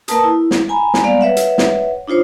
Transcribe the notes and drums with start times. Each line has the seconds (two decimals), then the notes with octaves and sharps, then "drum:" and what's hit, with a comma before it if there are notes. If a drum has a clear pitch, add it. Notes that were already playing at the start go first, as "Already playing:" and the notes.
0.08 A#3 A#4 B4 A5 D#6, drum: hi-hat
0.24 E4
0.51 drum: snare
0.69 G#5 A#5 B5
0.94 drum: snare
1.04 G3 G#3 A#3 B3 D5 F5
1.21 B4 C#5 E5 F#5
1.37 drum: hi-hat
1.58 drum: snare
2.07 D4 D#4 F4 C5 C#5